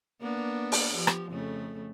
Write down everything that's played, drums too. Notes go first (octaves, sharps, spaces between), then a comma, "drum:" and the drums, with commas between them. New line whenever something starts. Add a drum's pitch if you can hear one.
A#3 B3 D4
drum: open hi-hat
F3 G4
drum: rim click
F2 C#3 A3